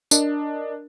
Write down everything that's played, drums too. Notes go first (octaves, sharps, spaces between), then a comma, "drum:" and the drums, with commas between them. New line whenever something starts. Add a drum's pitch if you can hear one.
D4 A#4 D#5, drum: tambourine